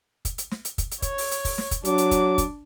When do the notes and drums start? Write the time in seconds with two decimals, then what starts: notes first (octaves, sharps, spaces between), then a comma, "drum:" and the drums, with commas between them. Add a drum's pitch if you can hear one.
0.25 drum: kick, hi-hat
0.38 drum: hi-hat
0.51 drum: snare
0.65 drum: hi-hat
0.78 drum: kick, hi-hat
0.91 drum: hi-hat
1.02 C#5, drum: kick, hi-hat
1.18 drum: open hi-hat
1.31 drum: hi-hat
1.45 drum: kick, open hi-hat
1.58 drum: snare
1.71 drum: kick, hi-hat
1.85 F#3 D4 D6, drum: hi-hat
1.98 drum: hi-hat
2.11 drum: kick, hi-hat
2.38 drum: kick, hi-hat